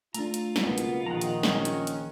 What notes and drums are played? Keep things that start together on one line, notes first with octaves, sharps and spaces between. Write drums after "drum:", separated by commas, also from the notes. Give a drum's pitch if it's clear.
A3 D4 F4 A#5, drum: hi-hat
drum: hi-hat
drum: snare
C#2 B2 A#3 B3
drum: hi-hat
A#1 D#3 F3 F#5 A#5
drum: hi-hat
C#4, drum: snare
drum: hi-hat
drum: hi-hat